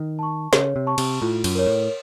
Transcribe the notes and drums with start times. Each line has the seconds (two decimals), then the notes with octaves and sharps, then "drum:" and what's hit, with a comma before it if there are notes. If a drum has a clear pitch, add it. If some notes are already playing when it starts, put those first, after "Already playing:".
Already playing: D#3
0.19 A5 C#6
0.53 C#3 C#5, drum: snare
0.76 C3
0.87 A5 C#6
0.98 C3, drum: cymbal
1.21 A2 F4
1.44 F#2, drum: cymbal
1.55 A#4 C#5
1.66 A2